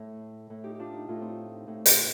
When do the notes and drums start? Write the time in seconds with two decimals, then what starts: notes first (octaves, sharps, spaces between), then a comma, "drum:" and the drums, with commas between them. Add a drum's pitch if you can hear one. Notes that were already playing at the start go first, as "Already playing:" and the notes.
Already playing: A2
0.50 A2
0.64 D#4 G4
0.75 D4 F4 G4
0.94 D#4
1.08 A2 F4
1.21 C4 D#4
1.67 A2
1.86 drum: hi-hat